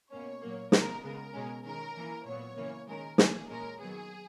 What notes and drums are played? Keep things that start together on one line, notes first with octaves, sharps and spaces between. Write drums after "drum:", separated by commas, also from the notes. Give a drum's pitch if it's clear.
B2 A#3 C#4 C#5
A#2 F#3 A#3
C#3 G#3 B3 A#4, drum: snare
C#3 G#3 B3 A#4
B2 G#3 C#4
D#3 G#3 C#4 A#4
E3 A#3 C#4
A#2 F#3 B3 C#5
C#3 E3 A#3 C#4
D#3 G#3 C#4 A#4
E3 A#3 C#4 G#4, drum: snare
A#2 G#3 C#4 A#4
D#3 F#3 B3 G#4